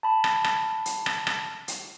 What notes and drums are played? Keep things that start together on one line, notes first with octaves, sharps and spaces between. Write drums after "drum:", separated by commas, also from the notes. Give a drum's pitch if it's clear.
A5 B5
drum: rim click
drum: rim click
drum: hi-hat
drum: rim click
drum: rim click
drum: hi-hat